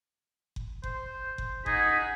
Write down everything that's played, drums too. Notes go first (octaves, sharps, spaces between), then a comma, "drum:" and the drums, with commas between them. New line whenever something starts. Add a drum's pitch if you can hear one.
drum: kick F#1
C5, drum: kick F#1
drum: kick F#1
D#4 G#4 F#5 B6, drum: kick F#1